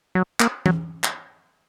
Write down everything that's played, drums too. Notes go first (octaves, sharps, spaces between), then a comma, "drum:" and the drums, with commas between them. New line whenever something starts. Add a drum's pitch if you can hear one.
F#3
A#3, drum: clap
F#3, drum: tom E3
drum: clap